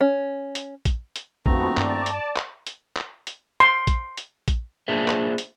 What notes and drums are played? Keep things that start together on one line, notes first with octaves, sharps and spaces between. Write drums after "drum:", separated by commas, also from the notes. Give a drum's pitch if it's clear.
C#4
drum: hi-hat
drum: kick A#1, hi-hat
drum: hi-hat
D#1 F2 F3 A3 B3 C4 F#4 A#5, drum: kick A#1
G2 D5 A5, drum: clap
drum: hi-hat
drum: clap
drum: hi-hat
drum: clap
drum: hi-hat
C6
drum: kick A#1, hi-hat
drum: hi-hat
drum: kick A#1, hi-hat
A#3 D4 F4 G#4 C5 E5
drum: clap
drum: hi-hat